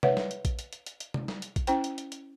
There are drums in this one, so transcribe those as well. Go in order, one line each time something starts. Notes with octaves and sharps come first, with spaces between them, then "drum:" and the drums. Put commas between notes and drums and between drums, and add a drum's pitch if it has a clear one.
B4 C#5 E5 F#5, drum: tom C3
drum: snare
drum: hi-hat
drum: kick A#1, hi-hat
drum: hi-hat
drum: hi-hat
drum: hi-hat
drum: hi-hat
drum: tom C3
drum: snare
drum: hi-hat
drum: kick A#1, hi-hat
C#4 E4 C5 G5, drum: hi-hat
drum: hi-hat
drum: hi-hat
drum: hi-hat